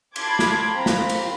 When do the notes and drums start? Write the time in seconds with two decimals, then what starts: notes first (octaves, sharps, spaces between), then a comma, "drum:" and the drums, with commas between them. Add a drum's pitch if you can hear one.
0.16 A5 B5 C6 D6 G#6, drum: cymbal
0.39 drum: snare
0.70 C4 F4 A#5 B5
0.86 drum: snare
1.09 drum: cymbal